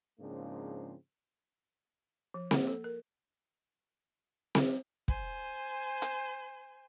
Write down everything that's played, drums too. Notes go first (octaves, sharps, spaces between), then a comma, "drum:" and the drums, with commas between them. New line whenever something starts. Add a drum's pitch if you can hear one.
G#2 C#3 F3 A#3 C4 D4
F3
A#3, drum: snare C4
A4
A#4
drum: snare C4
C5 G#5, drum: kick
drum: hi-hat